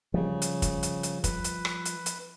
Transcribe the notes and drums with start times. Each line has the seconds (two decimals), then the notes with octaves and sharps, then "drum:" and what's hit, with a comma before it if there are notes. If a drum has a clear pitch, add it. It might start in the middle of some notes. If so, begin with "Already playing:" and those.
0.14 C#3 F3 G3
0.42 drum: hi-hat
0.62 drum: kick, hi-hat
0.83 drum: hi-hat
1.03 drum: hi-hat
1.24 B4, drum: kick, hi-hat
1.44 drum: hi-hat
1.65 drum: rim click
1.85 drum: hi-hat
2.06 drum: hi-hat